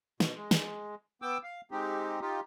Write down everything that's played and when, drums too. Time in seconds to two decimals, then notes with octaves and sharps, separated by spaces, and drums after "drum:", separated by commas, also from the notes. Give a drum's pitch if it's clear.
0.20 B2, drum: snare
0.35 G#3
0.51 drum: snare
1.22 B3 G5 D6 E6
1.43 F5
1.71 G#3 C4 D#4 G4
2.21 D#4 F4 G4